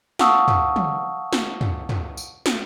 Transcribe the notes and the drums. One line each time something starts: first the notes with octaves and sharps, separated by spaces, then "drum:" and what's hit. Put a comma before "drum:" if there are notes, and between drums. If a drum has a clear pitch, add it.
F5 F#5 A5 C#6 D#6 E6, drum: snare
drum: tom
drum: tom
drum: snare
drum: tom
drum: tom
drum: tambourine
drum: snare